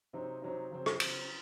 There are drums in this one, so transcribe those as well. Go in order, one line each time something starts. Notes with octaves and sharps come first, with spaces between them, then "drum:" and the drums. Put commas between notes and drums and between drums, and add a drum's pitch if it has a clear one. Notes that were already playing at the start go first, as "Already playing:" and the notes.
C3 F#3 C4 D#4
C3 F#3 C4 D#4
C#3 F#3 C4
drum: rim click
C#3 F#3 C4, drum: cymbal